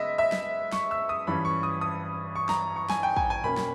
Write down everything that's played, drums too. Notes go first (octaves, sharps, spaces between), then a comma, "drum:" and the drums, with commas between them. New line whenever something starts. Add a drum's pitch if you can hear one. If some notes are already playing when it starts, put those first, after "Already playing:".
Already playing: C#3 G#3 B3 D#5 E5
E5
drum: snare
C#6, drum: snare
E6
D#6
G2 E3 G3 C#4 B5
C#6
D#6
D#6
C#6
A#5, drum: snare
C#6
G#5, drum: snare
G5
G#5, drum: kick
G#5
B2 A#3 C#4 B5
drum: snare